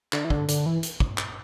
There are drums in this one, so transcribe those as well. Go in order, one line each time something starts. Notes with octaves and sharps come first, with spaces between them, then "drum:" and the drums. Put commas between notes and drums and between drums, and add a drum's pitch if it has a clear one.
D3, drum: clap
E3
D3, drum: kick
D3, drum: hi-hat
E3
drum: hi-hat
drum: kick
drum: clap